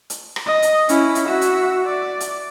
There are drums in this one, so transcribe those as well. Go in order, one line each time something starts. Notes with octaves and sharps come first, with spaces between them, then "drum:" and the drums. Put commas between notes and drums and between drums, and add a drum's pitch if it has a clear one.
drum: hi-hat
drum: rim click
D#5
drum: hi-hat
C#4 E4, drum: hi-hat
drum: hi-hat
F#4 E5
drum: hi-hat
D5
drum: hi-hat